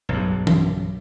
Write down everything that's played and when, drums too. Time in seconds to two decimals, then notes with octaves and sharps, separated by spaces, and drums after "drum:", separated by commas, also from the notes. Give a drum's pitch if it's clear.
0.09 B1 G2
0.47 drum: tom